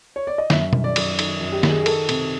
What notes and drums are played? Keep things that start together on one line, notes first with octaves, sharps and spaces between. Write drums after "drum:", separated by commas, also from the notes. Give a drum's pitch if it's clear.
C#5
D5
D#5
F#2 E5, drum: snare
D#3, drum: tom B2
D5
F#2, drum: cymbal
D#3, drum: cymbal
F#2
G4
D#3, drum: snare
G#4
G#4
D#3 A4, drum: cymbal
C3, drum: cymbal